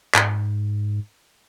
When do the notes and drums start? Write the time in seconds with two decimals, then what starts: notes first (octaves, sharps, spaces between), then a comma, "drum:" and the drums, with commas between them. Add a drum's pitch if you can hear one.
0.14 G#2, drum: clap